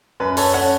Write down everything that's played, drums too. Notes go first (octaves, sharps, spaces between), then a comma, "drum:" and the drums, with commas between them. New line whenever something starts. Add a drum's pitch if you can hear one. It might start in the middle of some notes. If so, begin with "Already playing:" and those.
F#2 B4
A4 C#5, drum: open hi-hat
C#4 C#5 F#5